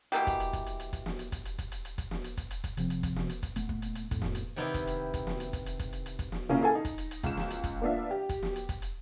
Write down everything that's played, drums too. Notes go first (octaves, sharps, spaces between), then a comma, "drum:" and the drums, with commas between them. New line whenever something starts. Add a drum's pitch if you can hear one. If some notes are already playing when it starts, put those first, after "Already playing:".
B2 E3 A#3 G4, drum: hi-hat
drum: kick, hi-hat
drum: hi-hat
drum: kick, hi-hat
drum: hi-hat
drum: hi-hat
drum: kick, hi-hat
drum: snare
drum: hi-hat
drum: kick, hi-hat
drum: hi-hat
drum: kick, hi-hat
drum: hi-hat
drum: hi-hat
drum: kick, hi-hat
drum: snare
drum: hi-hat
drum: kick, hi-hat
drum: hi-hat
drum: kick, hi-hat
C3 F3 C4, drum: hi-hat
drum: hi-hat
drum: kick, hi-hat
drum: snare
drum: hi-hat
drum: kick, hi-hat
A#2 A3 B3, drum: hi-hat
drum: kick
drum: hi-hat
drum: hi-hat
F2 A2, drum: kick, hi-hat
drum: snare
drum: hi-hat
C3 D#3 B3 D#4 E4 G4
drum: kick, hi-hat
drum: hi-hat
drum: kick, hi-hat
drum: snare
drum: hi-hat
drum: kick, hi-hat
drum: hi-hat
drum: kick, hi-hat
drum: hi-hat
drum: hi-hat
drum: kick, hi-hat
drum: snare
C#3 A#3 C#4 E4 F4 A#4
E4 G#4 A4 G#5
D#4
drum: kick, hi-hat
drum: hi-hat
drum: hi-hat
C#2 E7, drum: kick, hi-hat
drum: snare
drum: hi-hat
drum: kick, hi-hat
A#3 B3 D4 F4 E5
G4
drum: kick, hi-hat
drum: snare
drum: hi-hat
drum: kick, hi-hat
drum: hi-hat